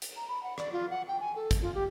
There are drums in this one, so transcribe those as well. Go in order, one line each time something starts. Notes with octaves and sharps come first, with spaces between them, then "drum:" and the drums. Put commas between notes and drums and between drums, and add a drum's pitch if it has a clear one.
drum: hi-hat
A#5
B5
F#5
D5, drum: rim click
F4
F#5
G5
G#5
A4
drum: kick, hi-hat
F4
G4